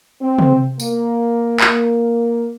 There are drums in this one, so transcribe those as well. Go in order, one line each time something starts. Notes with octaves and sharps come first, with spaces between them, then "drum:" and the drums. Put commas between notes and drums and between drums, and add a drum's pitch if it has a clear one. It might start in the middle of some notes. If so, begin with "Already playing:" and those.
C4
drum: tom
A#3, drum: tambourine
A#3, drum: clap